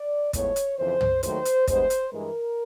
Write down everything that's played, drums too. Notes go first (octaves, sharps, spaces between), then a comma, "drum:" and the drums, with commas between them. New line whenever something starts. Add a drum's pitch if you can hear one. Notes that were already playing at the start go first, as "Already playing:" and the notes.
Already playing: D5
A2 F3 G#3 B3 C#5, drum: kick, hi-hat
drum: hi-hat
F2 C#3 E3 C5
drum: tom
D#2 D#3 F#3 A3 C5, drum: hi-hat
drum: hi-hat
G2 E3 G#3 B3 C5, drum: kick, hi-hat
drum: hi-hat
G2 E3 G#3 A#4